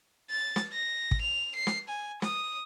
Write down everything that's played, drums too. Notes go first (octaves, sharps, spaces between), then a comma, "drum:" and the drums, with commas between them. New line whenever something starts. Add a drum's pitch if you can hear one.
A6
drum: snare
A#6
drum: kick
F7
C7
drum: snare
G#5
D#6, drum: snare